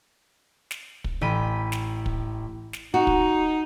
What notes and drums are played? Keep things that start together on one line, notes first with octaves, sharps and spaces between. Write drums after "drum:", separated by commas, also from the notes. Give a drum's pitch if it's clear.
drum: snare
drum: kick
A1 G5 B5 D#7
drum: snare
drum: kick
drum: snare
D#4 F#4
drum: kick